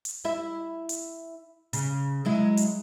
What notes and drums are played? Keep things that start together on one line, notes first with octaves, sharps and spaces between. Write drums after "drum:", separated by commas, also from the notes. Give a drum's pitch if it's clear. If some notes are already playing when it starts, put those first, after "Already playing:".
drum: hi-hat
E4 E5
drum: hi-hat
C#3, drum: hi-hat
F#3 G#3 E4
drum: hi-hat